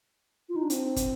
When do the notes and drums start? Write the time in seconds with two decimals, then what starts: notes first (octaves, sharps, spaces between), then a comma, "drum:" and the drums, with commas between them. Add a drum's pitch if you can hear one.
0.49 F4
0.56 D#4
0.63 D4
0.70 C4, drum: hi-hat
0.96 drum: kick, hi-hat